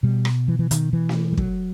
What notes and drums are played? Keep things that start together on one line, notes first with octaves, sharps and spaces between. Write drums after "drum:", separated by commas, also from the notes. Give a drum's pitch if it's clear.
B2 G3
drum: rim click
E3
E3
D#3, drum: hi-hat
E3
drum: snare
G3
F#3, drum: kick